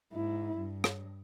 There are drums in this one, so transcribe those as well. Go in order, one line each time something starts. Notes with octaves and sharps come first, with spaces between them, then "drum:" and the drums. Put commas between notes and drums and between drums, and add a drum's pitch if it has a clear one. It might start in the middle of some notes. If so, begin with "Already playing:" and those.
G#2 E4
G2
drum: rim click